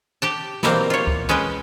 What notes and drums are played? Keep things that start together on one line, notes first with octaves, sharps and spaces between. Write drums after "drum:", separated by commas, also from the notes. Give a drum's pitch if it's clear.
G4 G5 A5
B2 E3 F#3 G3 A#3 C4, drum: snare
F4 C#5
drum: kick C#2
G#3 C#4 G#4 B4 G5